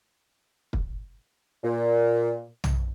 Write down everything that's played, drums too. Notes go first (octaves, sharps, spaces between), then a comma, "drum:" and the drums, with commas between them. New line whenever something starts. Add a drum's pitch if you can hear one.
drum: kick
A#2
drum: tom